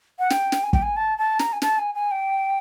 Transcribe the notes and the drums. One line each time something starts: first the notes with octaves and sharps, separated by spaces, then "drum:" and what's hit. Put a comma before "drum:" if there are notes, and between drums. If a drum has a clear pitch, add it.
F#5
G5, drum: snare
drum: snare
G#5
G5, drum: kick
G#5
A5
A5
A#5, drum: snare
G#5
A5, drum: snare
G#5
G#5
G5